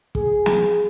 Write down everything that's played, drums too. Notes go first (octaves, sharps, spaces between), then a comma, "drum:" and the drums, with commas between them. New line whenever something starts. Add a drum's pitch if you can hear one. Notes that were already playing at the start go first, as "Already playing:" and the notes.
G#4, drum: kick
drum: snare